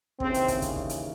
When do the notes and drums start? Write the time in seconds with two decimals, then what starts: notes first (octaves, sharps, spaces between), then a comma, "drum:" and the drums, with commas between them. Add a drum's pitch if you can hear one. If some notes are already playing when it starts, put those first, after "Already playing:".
0.20 D#2 C#3 E3 C4, drum: kick
0.34 drum: hi-hat
0.48 drum: kick, hi-hat
0.62 drum: kick, hi-hat
0.76 drum: kick
0.89 drum: hi-hat